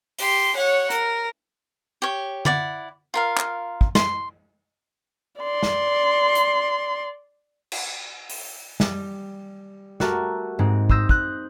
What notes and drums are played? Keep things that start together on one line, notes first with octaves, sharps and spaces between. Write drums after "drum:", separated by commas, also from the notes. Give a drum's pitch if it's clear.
G4 C6, drum: open hi-hat
C#5 F#5
A#4, drum: hi-hat
G4 C#5
E4 D5 F#5, drum: tom D3
F4 A#4 F5
drum: clap
drum: kick
C6, drum: snare
D5 C6
drum: snare
drum: hi-hat
drum: cymbal
drum: open hi-hat
G3, drum: snare
A3 F#4 G4 A4 A#4, drum: snare
G#2 G#3 C4
C6 D#6 E6 G6 A#6, drum: kick
D#6 F#6 G6, drum: kick